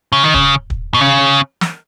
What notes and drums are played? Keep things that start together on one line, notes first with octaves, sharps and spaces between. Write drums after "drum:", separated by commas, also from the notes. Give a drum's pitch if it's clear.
C#3
D#3
C#3, drum: kick
drum: kick
B2
C#3
drum: snare